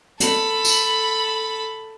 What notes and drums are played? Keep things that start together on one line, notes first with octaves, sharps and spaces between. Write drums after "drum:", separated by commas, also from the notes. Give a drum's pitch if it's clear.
A4 B5, drum: hi-hat
drum: tambourine